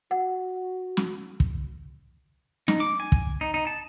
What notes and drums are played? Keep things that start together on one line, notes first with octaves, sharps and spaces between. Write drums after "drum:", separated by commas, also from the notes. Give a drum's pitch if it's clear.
F#4 F#5
drum: snare
drum: kick
D#4, drum: snare
D6
G#5
drum: kick
D#4
D#4
A5